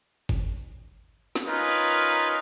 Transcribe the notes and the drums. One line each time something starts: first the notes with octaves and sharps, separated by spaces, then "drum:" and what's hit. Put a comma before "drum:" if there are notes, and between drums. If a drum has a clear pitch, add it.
drum: kick
drum: snare
C#4 D#4 F4 A#4 B4